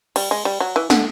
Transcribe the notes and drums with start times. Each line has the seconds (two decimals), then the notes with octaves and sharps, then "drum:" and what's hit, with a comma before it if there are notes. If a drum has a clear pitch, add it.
0.16 G3, drum: cymbal
0.31 G#3
0.45 G3
0.60 F#3
0.76 E3
0.90 D3, drum: snare